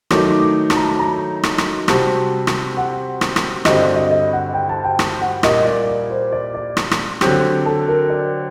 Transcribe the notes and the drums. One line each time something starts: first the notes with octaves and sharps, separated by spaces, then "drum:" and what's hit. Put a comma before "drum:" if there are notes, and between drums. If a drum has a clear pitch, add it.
D#3 F#3 A3 D#4 D6, drum: rim click
D6
D6
A5, drum: rim click
A#5
A5
A#5
drum: rim click
drum: rim click
C3 G3 C4 F#4 A5, drum: rim click
drum: rim click
F#5
drum: rim click
drum: rim click
G2 D3 G3 C4 F#4 D#5, drum: rim click
D5
D#5
D#5
F#5
G5
A5
G5
drum: rim click
F#5
A#2 G3 A#3 D#5, drum: rim click
D5
D5
C5
D5
D5
drum: rim click
drum: rim click
D3 F#3 C4 G4, drum: rim click
A4
A#4
D5